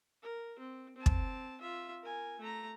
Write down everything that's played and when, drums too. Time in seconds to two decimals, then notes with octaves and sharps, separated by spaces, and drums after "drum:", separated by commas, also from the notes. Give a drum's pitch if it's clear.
0.23 A#4
0.59 C4
0.97 C4 A5
1.06 drum: kick
1.61 F4 E5
2.03 A#4 G#5
2.40 A3 A#5